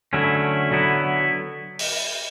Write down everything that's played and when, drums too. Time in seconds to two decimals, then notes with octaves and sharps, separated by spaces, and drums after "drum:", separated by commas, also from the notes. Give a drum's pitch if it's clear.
0.13 D3 F#3 A3 C#4 E4
0.71 D3 F#3 B3 E4
1.79 drum: open hi-hat